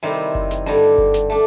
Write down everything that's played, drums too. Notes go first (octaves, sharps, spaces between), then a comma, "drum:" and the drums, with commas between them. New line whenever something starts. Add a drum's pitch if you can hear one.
C3 D#3 G3 C4 E4
drum: kick F#1
drum: snare
G2 D3 G3
drum: kick F#1
drum: snare
A3 D4